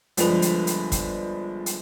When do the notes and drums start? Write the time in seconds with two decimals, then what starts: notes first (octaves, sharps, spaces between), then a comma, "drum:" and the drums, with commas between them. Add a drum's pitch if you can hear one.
0.17 G1 F3 G#3 D4 B4 F7, drum: hi-hat
0.42 drum: hi-hat
0.67 drum: hi-hat
0.92 drum: kick, hi-hat
1.66 drum: hi-hat